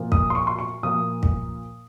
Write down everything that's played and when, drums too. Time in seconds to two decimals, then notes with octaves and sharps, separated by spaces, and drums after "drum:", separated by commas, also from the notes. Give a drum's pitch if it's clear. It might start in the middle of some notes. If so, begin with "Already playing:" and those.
Already playing: A#2 F3 A#3
0.12 D#6, drum: kick
0.30 C6
0.35 C#6
0.47 C6
0.59 C#6
0.83 A#2 F3 A#3 D#6
1.23 drum: kick